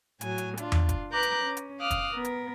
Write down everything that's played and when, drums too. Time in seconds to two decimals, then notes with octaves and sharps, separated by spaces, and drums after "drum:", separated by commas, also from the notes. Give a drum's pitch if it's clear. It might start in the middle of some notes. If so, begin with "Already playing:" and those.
0.21 A2 F#3 G#5, drum: hi-hat
0.38 drum: hi-hat
0.57 D4 F4, drum: hi-hat
0.72 drum: tom E2
0.89 drum: kick, hi-hat
1.11 A#4 B4 A#5 D6 F#6 G6
1.23 drum: hi-hat
1.43 C#4
1.57 drum: hi-hat
1.79 F5 D6 D#6 F6 F#6
1.91 drum: kick, hi-hat
2.15 B3 A#4
2.25 drum: hi-hat